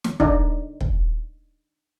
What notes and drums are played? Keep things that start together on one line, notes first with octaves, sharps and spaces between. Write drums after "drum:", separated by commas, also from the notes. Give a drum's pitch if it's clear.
drum: snare
D4 D#4, drum: kick
drum: kick